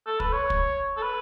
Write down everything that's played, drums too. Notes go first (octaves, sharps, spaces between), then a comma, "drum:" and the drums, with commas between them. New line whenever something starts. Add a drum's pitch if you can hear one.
A4
B4, drum: kick
C#5
drum: kick
A4
B4